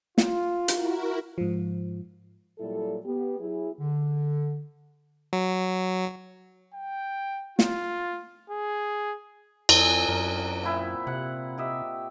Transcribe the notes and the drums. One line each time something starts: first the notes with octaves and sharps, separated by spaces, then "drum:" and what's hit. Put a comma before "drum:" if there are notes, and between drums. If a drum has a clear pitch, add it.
F4, drum: snare
E4 F#4 A#4, drum: hi-hat
G#2 F3
A#2 F#3 G3 E4 A4
B3 G4
F#3 E4 G#4
D3
F#3
G5
F4, drum: snare
G#4
F2 C4 G#4, drum: cymbal
F#2 A#4
F#5
A#2 E4
C3 F#5
G4 D#5 E5